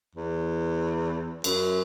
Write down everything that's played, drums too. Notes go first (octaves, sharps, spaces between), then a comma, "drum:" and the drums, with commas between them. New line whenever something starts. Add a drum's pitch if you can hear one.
E2
F#2, drum: cymbal